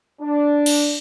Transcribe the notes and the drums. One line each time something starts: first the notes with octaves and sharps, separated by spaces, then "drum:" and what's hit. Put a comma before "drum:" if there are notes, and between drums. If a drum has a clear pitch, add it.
D4
drum: cymbal